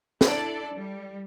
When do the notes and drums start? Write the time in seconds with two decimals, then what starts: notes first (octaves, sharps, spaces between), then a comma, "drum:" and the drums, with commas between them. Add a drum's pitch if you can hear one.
0.21 D4 E4 A4 D5, drum: snare
0.75 G3